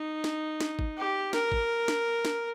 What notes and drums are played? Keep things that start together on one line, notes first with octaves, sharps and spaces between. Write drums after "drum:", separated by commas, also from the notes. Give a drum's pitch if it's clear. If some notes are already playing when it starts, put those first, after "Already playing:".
Already playing: D#4
drum: snare
drum: snare
drum: kick
G4
A#4, drum: snare
drum: kick
drum: snare
drum: snare